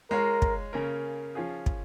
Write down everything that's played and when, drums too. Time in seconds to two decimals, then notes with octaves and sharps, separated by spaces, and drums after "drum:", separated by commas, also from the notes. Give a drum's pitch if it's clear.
0.11 G#3 F4 A#4 C#5 F5
0.42 drum: kick
0.73 C#3 A#3 C#4 A#4
1.35 F3 C#4 F4 G#4
1.66 drum: kick